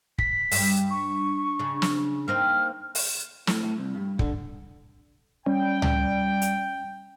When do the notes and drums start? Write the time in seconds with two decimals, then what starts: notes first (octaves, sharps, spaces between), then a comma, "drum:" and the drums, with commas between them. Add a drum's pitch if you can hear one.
0.18 B6, drum: kick
0.51 G2, drum: open hi-hat
0.90 C#6
1.59 C#3 D4
1.82 drum: snare
2.28 A#3 C4 D#4 F6
2.95 drum: open hi-hat
3.47 A2, drum: snare
3.63 A2
3.78 C2
3.95 G2
4.19 D3, drum: kick
5.46 G3 C#4 G5
5.82 drum: tom C#2
6.42 drum: hi-hat